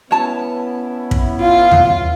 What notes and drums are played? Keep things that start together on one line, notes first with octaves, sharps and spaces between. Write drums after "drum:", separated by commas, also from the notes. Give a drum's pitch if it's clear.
B3 C#4 E4 C#5 A5
drum: kick
F4 F5
drum: tom D#2